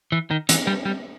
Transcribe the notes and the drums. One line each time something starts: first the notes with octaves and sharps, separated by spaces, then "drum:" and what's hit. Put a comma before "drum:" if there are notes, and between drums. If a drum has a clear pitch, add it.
E3
D#3
E3, drum: hi-hat
G3
G3